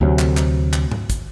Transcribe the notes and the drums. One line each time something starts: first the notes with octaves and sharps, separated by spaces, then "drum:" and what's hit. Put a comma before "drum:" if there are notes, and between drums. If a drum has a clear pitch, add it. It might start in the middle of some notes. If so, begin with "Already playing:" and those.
D2 C3 F#3
drum: clap
drum: clap
drum: clap
drum: tom G#2
drum: kick, hi-hat